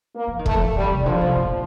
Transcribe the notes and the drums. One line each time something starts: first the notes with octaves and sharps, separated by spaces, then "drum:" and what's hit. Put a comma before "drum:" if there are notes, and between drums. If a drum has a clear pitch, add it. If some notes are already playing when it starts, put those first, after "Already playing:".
A#3
F3
D#3
A3, drum: kick
F3
D#3 G3
C3
C3
D3 F3
C3
A#2